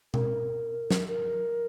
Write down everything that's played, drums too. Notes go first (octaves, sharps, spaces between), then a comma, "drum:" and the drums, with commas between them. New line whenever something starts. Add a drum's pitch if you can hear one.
A#4, drum: tom B2
drum: snare
A#4